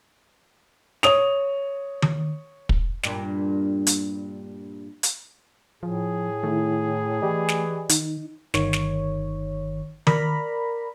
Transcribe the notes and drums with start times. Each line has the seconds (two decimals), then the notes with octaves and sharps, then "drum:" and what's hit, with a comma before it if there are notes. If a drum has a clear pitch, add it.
1.03 C#5 D#6 F7, drum: snare
2.02 drum: tom D#3
2.69 drum: kick
3.03 G2 A#2, drum: snare
3.87 drum: hi-hat
5.03 drum: hi-hat
5.83 A2 F3 G#4
6.43 D#3 A3 E4
7.22 E3 G4 D5 D#5
7.48 drum: snare
7.89 D#3 D#4, drum: hi-hat
8.54 G1 D#3 C#5, drum: snare
8.73 drum: snare
10.07 A#4 D5 A#5 B5, drum: tom D#3